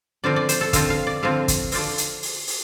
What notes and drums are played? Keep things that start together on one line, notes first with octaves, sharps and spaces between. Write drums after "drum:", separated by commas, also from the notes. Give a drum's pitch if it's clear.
D3 F3 C4 F4 D5
D5
C5, drum: hi-hat
A4
D3 F3 C4 F4 F5, drum: kick, hi-hat
F5
D5
D3 F3 C4 F4 F5
drum: kick, hi-hat
D3 F3 C4 F4 D5, drum: open hi-hat
drum: hi-hat
drum: open hi-hat
drum: open hi-hat